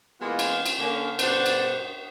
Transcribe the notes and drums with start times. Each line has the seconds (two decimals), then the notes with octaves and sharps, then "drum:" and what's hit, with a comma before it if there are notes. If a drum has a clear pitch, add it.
0.21 E3 G#3 A#3 B3 F4
0.39 drum: cymbal
0.66 drum: cymbal
0.79 D3 A#3 C#4
1.19 G2 B2 A4 C5 D5 F#5, drum: cymbal
1.46 drum: cymbal